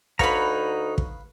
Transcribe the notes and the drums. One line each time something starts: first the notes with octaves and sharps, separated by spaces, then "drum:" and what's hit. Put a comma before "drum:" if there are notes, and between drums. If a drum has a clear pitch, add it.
D2 D#4 B4 C#5 F5 F#5 A#5 B5, drum: kick
drum: kick